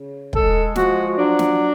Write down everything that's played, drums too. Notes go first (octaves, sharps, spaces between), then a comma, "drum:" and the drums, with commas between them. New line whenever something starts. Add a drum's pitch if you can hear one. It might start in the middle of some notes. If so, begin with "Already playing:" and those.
Already playing: C#3
G#3 A4, drum: kick
F3 F#4, drum: snare
F#3 D4
drum: snare